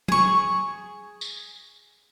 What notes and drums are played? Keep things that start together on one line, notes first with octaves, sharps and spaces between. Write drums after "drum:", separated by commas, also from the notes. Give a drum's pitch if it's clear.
G#4 C#6, drum: tom
drum: tambourine